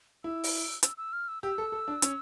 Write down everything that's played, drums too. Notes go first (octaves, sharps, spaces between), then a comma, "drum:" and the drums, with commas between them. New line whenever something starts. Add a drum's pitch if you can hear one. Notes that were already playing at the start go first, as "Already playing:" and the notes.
E4 E6
drum: open hi-hat
E6, drum: hi-hat
E6
F6
E6
G4 E6
A4
A4
D4
C#4, drum: hi-hat